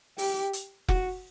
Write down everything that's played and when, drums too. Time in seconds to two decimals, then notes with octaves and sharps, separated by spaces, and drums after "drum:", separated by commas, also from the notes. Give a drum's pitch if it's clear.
0.18 G4, drum: open hi-hat
0.53 drum: hi-hat
0.88 F#4, drum: kick F1